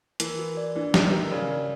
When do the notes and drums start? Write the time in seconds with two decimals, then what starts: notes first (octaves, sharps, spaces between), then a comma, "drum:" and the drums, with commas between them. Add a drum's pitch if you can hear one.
0.20 E3 A#4, drum: hi-hat
0.39 F#4
0.57 D5
0.75 E3 D4
0.94 F#4, drum: snare
1.04 D#3
1.13 A#4
1.31 C#3 D5
1.50 D5